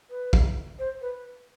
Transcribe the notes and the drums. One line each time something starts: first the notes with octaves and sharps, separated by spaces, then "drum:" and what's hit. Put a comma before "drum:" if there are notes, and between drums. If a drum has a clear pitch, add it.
B4
drum: kick
C5
B4